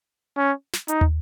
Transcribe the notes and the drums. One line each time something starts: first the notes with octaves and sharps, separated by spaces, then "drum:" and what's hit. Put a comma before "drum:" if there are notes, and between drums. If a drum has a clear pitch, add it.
C#4
drum: snare
D#4, drum: hi-hat
drum: tom